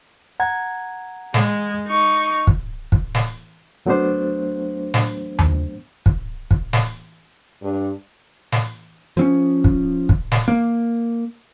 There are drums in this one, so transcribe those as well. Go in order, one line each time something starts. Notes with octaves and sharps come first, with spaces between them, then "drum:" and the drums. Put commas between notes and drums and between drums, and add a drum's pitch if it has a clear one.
F#5 A#5 G#6
G#3, drum: snare
D#4 C#6
drum: kick
drum: kick
drum: snare
D2 F#3 A3 B3 D4 C5
drum: snare
drum: tom D#2
drum: kick
drum: kick
drum: snare
G2
drum: snare
F3 C4 C#4
drum: kick
drum: kick
drum: snare
A#3